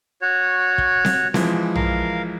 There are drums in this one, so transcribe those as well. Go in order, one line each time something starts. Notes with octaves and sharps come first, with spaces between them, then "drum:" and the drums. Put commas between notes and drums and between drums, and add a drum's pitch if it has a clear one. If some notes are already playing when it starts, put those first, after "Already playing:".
F#4 C#5
drum: kick
drum: snare C4
E3 F3 G#3, drum: snare C4
A#4 F5, drum: tom A#1